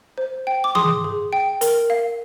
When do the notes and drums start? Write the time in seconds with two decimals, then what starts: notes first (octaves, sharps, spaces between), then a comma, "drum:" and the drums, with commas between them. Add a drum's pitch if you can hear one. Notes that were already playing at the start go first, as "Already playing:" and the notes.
0.18 C5
0.47 G5
0.64 D6
0.75 G#4 C6 D#6, drum: tom D#3
1.04 G#4
1.33 G5
1.61 A#4, drum: hi-hat
1.90 F5